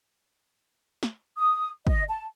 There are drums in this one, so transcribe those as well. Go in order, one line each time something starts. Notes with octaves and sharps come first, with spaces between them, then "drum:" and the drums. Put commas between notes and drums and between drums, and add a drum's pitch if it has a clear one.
drum: snare
D#6
D#5, drum: kick
A5